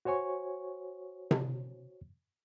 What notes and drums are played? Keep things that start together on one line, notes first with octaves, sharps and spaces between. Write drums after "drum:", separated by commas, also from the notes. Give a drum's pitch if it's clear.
F#4 C5 C#5 G#5 C#6
drum: tom C3